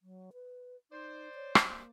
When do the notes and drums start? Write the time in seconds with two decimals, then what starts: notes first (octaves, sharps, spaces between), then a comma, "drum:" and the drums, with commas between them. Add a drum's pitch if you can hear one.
0.02 F#3
0.33 B4
0.91 D#4 C5 D5
1.35 C#5
1.55 drum: rim click
1.67 A#3